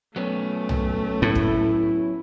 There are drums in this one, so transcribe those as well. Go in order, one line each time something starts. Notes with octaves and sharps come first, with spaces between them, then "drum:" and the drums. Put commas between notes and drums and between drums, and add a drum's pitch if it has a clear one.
F#3 A3 B3 C#4
drum: tom
A2 E4
drum: kick